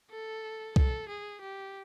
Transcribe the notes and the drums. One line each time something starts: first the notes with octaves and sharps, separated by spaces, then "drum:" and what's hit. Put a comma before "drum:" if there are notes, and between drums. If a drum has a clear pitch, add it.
A4
A4, drum: kick
G#4
G4